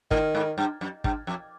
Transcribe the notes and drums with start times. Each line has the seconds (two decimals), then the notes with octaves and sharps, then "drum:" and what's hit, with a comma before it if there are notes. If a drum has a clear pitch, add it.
0.11 A2 D#3, drum: kick
0.35 G#2
0.58 G2
0.81 F#2
1.04 G2, drum: kick
1.27 F2